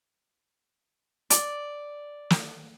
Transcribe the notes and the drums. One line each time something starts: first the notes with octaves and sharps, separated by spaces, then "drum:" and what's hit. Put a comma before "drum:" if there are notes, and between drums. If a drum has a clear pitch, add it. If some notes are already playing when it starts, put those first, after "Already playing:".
D5, drum: hi-hat
drum: snare